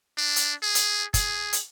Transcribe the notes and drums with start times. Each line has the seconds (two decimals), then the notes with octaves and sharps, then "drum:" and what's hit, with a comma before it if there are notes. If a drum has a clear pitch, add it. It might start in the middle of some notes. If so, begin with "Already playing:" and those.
0.18 D4
0.36 drum: hi-hat
0.62 G#4
0.75 drum: hi-hat
1.14 G#4, drum: kick, hi-hat
1.53 drum: hi-hat